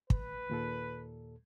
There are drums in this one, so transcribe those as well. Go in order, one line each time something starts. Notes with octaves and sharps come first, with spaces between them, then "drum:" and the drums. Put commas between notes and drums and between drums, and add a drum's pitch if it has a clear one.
B4, drum: kick
D#2 A#2 A4